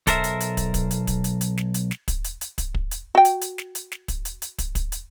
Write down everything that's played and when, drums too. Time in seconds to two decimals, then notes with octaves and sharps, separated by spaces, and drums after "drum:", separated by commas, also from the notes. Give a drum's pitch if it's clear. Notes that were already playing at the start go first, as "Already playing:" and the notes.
0.07 B1 A4 A#4 C5 E5, drum: kick, hi-hat
0.24 drum: hi-hat
0.40 drum: hi-hat
0.57 drum: kick, hi-hat
0.74 drum: kick, hi-hat
0.91 drum: hi-hat
1.07 drum: kick, hi-hat
1.24 drum: hi-hat
1.41 drum: hi-hat
1.57 drum: snare
1.74 drum: hi-hat
1.91 drum: snare
2.08 drum: kick, hi-hat
2.24 drum: hi-hat
2.41 drum: hi-hat
2.58 drum: kick, hi-hat
2.75 drum: kick
2.91 drum: hi-hat
3.15 F#4 G5
3.25 drum: hi-hat
3.41 drum: hi-hat
3.58 drum: snare
3.75 drum: hi-hat
3.92 drum: snare
4.08 drum: kick, hi-hat
4.25 drum: hi-hat
4.42 drum: hi-hat
4.58 drum: kick, hi-hat
4.75 drum: kick, hi-hat
4.92 drum: hi-hat